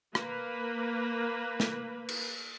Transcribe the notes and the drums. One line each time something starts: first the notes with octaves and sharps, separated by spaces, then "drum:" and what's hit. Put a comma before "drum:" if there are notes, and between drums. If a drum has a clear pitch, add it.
A#3 B4, drum: rim click
drum: snare
drum: cymbal